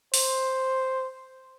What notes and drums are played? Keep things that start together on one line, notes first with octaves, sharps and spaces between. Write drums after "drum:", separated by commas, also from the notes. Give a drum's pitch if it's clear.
C5, drum: open hi-hat